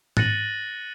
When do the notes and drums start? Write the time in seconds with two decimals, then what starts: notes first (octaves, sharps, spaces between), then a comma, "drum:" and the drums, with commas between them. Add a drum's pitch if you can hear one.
0.17 F#6 A6 A#6 C#7 D#7 F#7, drum: tom G#2